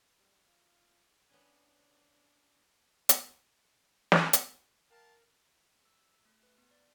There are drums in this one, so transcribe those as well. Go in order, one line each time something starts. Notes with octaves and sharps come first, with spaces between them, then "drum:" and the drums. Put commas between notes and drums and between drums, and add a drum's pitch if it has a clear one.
G3
F4
B3 C#4 D4 G#5
D4
drum: hi-hat
drum: snare
drum: hi-hat
A#4 F5 G5 A5
E6
A3
B4
B3
D5